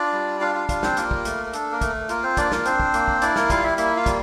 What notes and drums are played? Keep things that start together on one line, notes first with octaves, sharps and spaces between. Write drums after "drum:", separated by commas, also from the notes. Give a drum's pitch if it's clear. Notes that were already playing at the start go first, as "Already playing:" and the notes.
Already playing: D4 F4 D5
G3
D4 F4 F5
F4 F5
G3 F4 F5, drum: kick, hi-hat
C4 C5, drum: snare
A#3 F4 A#4, drum: hi-hat
drum: kick
A3, drum: hi-hat
A#4
D4 A4, drum: hi-hat
A#3 A#4
A3, drum: kick, hi-hat
A#3 F4 A#4, drum: hi-hat
C4 C5
A#3 D4 D5, drum: kick, hi-hat
A#3 A#4, drum: snare
C4 D4 C5, drum: hi-hat
drum: kick
A#3, drum: hi-hat
drum: kick
D4 E4 D5, drum: hi-hat
A#3 A#4, drum: snare
G3 F4 F5, drum: kick, hi-hat
E4 E5
A#3 E4 E5, drum: hi-hat
F4 F5
G3, drum: kick, hi-hat